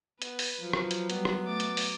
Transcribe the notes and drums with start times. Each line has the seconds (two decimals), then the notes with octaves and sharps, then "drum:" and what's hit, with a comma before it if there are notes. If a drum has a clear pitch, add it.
0.22 B3 B4, drum: hi-hat
0.39 drum: open hi-hat
0.61 F3 F#3
0.73 drum: rim click
0.91 drum: hi-hat
1.10 G3 B3, drum: hi-hat
1.25 drum: rim click
1.47 A3 D6 A6
1.60 drum: hi-hat
1.77 drum: open hi-hat